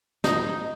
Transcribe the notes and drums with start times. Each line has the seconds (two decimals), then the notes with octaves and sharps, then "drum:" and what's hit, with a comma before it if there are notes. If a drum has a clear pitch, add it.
0.24 D#4, drum: snare